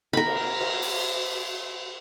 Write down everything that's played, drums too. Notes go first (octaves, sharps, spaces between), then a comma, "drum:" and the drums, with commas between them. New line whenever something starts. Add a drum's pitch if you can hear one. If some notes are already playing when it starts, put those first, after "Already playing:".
A#4 B5
drum: cymbal
drum: cymbal
drum: open hi-hat